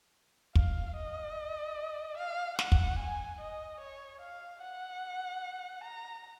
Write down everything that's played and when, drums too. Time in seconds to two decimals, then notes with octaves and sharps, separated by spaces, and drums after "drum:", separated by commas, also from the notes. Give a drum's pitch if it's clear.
0.55 F5, drum: kick
0.96 D#5
2.18 F5
2.59 F#5, drum: snare
2.72 drum: kick
2.99 G#5
3.41 D#5
3.81 C#5
4.21 F5
4.62 F#5
5.84 A#5